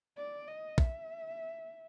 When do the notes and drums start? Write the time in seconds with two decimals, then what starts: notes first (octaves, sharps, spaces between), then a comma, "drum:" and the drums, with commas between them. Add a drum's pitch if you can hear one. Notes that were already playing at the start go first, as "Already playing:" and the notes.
0.17 D5
0.47 D#5
0.78 E5, drum: kick